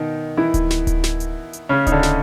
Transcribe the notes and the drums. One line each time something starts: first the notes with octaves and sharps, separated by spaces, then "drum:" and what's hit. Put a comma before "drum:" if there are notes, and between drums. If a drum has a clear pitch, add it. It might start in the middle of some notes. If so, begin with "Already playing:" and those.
Already playing: B2 D#3 D#4
E3 E4
drum: kick D1, hi-hat
drum: snare
drum: kick D1, hi-hat
drum: snare
drum: hi-hat
drum: hi-hat
C#3 C#4
D#4, drum: kick D1, hi-hat
D3 D4
drum: snare